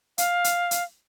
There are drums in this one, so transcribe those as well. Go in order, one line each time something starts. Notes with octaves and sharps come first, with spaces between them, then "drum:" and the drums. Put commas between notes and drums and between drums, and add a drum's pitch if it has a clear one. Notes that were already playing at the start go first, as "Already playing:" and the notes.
F5, drum: hi-hat
drum: hi-hat
drum: hi-hat